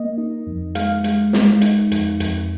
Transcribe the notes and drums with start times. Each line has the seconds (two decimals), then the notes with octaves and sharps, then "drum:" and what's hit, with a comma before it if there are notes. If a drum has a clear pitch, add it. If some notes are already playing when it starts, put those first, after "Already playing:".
Already playing: A#3 D#5
0.18 D#4
0.47 F2
0.75 G#3 F5, drum: hi-hat
1.04 G#3, drum: hi-hat
1.33 G#3, drum: snare
1.61 D#4, drum: hi-hat
1.92 F2, drum: hi-hat
2.20 F2, drum: hi-hat